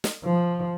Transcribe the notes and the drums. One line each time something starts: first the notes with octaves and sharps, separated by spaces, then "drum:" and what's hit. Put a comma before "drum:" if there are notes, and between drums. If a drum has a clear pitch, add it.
drum: snare
F3